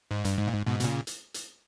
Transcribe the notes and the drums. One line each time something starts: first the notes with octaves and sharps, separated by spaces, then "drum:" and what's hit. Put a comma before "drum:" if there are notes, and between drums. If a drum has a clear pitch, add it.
G#2
G2, drum: hi-hat
G#2
A#2
G#2
G#2 B2
B2, drum: hi-hat
A#2 C#3
drum: hi-hat
drum: hi-hat